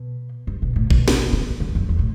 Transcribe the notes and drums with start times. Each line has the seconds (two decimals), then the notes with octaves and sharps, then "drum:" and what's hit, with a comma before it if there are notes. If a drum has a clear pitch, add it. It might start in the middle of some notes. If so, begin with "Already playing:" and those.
Already playing: B2
0.47 G2
0.62 B2
0.76 A2
0.90 B2, drum: kick
1.08 drum: snare
1.33 C3
1.60 G2
1.75 F2
1.89 E2
1.99 A2